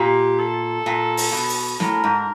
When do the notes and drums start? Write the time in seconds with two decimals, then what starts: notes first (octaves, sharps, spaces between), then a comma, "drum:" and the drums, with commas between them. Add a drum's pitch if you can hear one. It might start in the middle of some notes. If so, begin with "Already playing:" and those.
Already playing: A#2 G4
0.39 A4
0.86 A#2
1.17 drum: open hi-hat
1.32 B2
1.49 drum: open hi-hat
1.80 A2 A#4, drum: snare
2.04 G#2